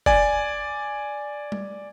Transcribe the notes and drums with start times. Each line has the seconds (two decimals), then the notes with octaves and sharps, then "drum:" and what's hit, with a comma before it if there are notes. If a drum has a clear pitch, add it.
0.06 D5 G#5, drum: kick
1.52 drum: tom G3